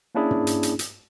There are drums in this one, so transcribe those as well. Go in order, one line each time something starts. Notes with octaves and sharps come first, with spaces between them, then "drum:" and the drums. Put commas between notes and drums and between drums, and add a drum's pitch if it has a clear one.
A#3 C#4 D4 E4 G#4
drum: tom
drum: hi-hat
drum: hi-hat
drum: hi-hat